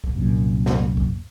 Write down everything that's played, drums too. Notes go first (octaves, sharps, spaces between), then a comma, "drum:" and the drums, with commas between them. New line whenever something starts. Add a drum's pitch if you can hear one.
drum: kick
C2 F#2 A#2
drum: snare
drum: kick